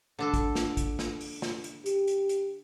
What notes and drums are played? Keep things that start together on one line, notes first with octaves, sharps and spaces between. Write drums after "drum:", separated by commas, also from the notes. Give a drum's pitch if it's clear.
D3 D4 A4
drum: kick, hi-hat
drum: snare
drum: kick, hi-hat
drum: snare
drum: open hi-hat
drum: snare
drum: hi-hat
G4, drum: hi-hat
drum: hi-hat
drum: hi-hat